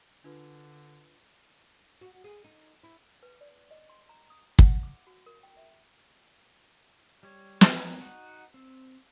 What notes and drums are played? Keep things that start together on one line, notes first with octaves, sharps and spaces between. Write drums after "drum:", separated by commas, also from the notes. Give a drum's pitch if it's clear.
D3 D4 F4 B4
F#4
G#4
D#4
E4
B4
D5
D#5
C6
A#5
D#6
F#5, drum: kick
D6
F#4
A#4
G5
E5
G3 C#5
drum: snare
F#3 G#3 D#4 F#4
D#4 F#4 F#5
C4